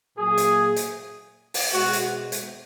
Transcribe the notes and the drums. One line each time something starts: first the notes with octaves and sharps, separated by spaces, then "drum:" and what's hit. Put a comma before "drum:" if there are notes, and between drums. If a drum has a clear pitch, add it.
A#2 F#3 G#4
drum: hi-hat
drum: hi-hat
drum: open hi-hat
B2 G#3 F#4
drum: hi-hat
drum: hi-hat